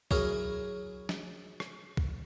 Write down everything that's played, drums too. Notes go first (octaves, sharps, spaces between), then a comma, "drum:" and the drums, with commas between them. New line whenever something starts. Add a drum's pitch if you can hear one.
F#3 C#4 E4 G#4 A#4, drum: kick B1
drum: snare
drum: rim click
drum: kick B1